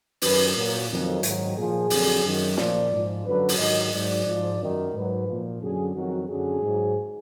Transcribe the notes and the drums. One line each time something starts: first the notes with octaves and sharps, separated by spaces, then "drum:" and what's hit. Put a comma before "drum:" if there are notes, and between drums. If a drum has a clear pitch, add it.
F#2 D#3 F#3 B4, drum: open hi-hat
A#2 F#3 A#4
F2 D#3 F#3
G#2 D#3 F#3, drum: hi-hat
A#2 F3 G#4
F2 D3 F#3, drum: open hi-hat
F#2 D#3 F#3
A#2 F3 D5, drum: snare
G#2 F3
F#2 D3 F#3 B4
drum: open hi-hat
G#2 D#3 F#3 D#5
G#2 F#3 D5
G#2 F3
F#2 D#3 F#3
G#2 F#3 B4
A#2 F3
F#2 D3 F#3 G#4
F2 D#3 F#3 F#4
F#2 D3 F#3 G#4
G#2 F#3